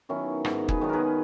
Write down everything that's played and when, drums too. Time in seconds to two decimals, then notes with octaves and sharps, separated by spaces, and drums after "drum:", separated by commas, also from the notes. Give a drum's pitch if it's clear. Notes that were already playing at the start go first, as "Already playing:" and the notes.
0.09 D#3 F#3 B3 C#4 E4
0.45 G#2 D#4 F#4, drum: rim click
0.68 G#4 B4, drum: kick
0.81 D#3 F#3 B3
0.89 G#4 A#4 B4